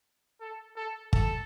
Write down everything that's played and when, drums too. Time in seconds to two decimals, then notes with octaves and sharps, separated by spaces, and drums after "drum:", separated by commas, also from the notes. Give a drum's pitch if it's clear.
0.40 A4
0.76 A4
1.13 A4, drum: kick